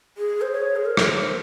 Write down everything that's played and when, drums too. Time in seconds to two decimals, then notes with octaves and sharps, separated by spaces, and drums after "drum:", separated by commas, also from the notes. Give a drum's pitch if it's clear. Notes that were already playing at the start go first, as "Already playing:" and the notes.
0.18 G#4
0.41 C5
0.52 C#5
0.76 G#4
0.85 A#4
0.97 drum: rim click
1.08 C5
1.21 C5